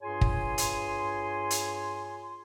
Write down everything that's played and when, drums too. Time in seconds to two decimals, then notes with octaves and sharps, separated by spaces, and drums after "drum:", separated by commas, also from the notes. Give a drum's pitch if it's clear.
0.02 G2 F4 G#4 C#5 G#5 C6
0.21 drum: kick
0.58 drum: hi-hat
1.50 drum: hi-hat